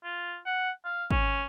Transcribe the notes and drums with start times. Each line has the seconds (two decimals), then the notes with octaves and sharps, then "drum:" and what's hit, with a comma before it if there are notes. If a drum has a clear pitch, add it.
0.04 F4
0.46 F#5
0.85 F5
1.11 C#4, drum: kick